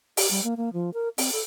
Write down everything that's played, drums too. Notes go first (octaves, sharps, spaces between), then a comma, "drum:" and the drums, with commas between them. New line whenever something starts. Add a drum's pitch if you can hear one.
G4, drum: open hi-hat
G3
A#3
A#3
F3
A#4
C4, drum: open hi-hat
A4